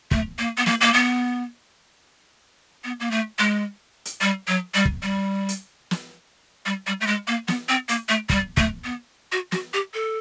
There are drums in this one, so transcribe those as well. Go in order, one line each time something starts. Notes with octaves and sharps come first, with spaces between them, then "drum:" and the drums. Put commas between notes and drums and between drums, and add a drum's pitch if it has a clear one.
A3, drum: kick
A#3
B3
A#3, drum: snare
A#3
B3
B3
A#3
A3
G#3
drum: hi-hat
G3
F#3
G3
drum: kick
G3
drum: hi-hat
drum: snare
G3
G3
A3
G#3
A#3
B3, drum: snare
C4
A#3, drum: hi-hat
A3
G3, drum: kick
A3, drum: kick
B3
F#4
F#4, drum: snare
G4
A4